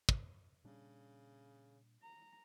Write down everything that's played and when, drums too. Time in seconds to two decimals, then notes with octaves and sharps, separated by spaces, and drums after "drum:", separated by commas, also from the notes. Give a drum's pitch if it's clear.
0.09 drum: kick
0.65 A#2 C#3 G3 D4
2.03 A#5